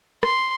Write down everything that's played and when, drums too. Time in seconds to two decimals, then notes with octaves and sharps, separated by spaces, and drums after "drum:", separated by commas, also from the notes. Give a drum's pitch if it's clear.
0.23 C6, drum: rim click